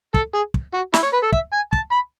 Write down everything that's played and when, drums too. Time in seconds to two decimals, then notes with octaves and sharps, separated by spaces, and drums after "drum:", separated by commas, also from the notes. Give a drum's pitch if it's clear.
0.14 A4, drum: kick
0.34 G#4
0.54 drum: kick
0.74 F#4
0.94 E4, drum: snare
1.03 C#5
1.13 B4
1.23 A4
1.32 E5, drum: kick
1.53 G#5
1.73 A5, drum: kick
1.92 B5